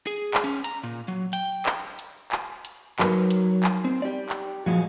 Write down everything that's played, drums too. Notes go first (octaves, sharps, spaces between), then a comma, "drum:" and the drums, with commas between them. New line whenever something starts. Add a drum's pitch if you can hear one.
G#4
drum: clap
C#4
A#5, drum: hi-hat
A#2
F#3
G5, drum: hi-hat
drum: clap
drum: hi-hat
drum: clap
drum: hi-hat
F#3 D#4 A#4 B4, drum: clap
drum: hi-hat
drum: clap
C4
G4 D5
drum: clap
A#2 F3 G#3 F#4